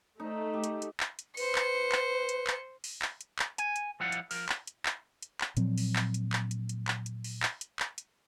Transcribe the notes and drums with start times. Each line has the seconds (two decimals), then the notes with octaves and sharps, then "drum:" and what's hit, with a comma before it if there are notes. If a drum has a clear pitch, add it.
0.20 A3 D#4
0.53 G4
0.64 drum: hi-hat
0.82 drum: hi-hat
1.00 drum: clap
1.19 drum: hi-hat
1.37 B4 C5 C#7, drum: open hi-hat
1.55 drum: clap
1.92 drum: clap
2.29 drum: hi-hat
2.47 drum: clap
2.84 drum: open hi-hat
3.02 drum: clap
3.21 drum: hi-hat
3.39 drum: clap
3.58 G#5, drum: hi-hat
3.76 drum: hi-hat
4.00 F3 G3 E4 F5 F#5
4.12 drum: hi-hat
4.31 F3 A#4, drum: open hi-hat
4.49 drum: clap
4.67 drum: hi-hat
4.86 drum: clap
5.23 drum: hi-hat
5.41 drum: clap
5.57 A#2 F3 F#3 C4, drum: hi-hat
5.78 drum: open hi-hat
5.96 drum: clap
6.14 drum: hi-hat
6.33 drum: clap
6.51 drum: hi-hat
6.69 drum: hi-hat
6.88 drum: clap
7.06 drum: hi-hat
7.24 drum: open hi-hat
7.43 drum: clap
7.61 drum: hi-hat
7.79 drum: clap
7.98 drum: hi-hat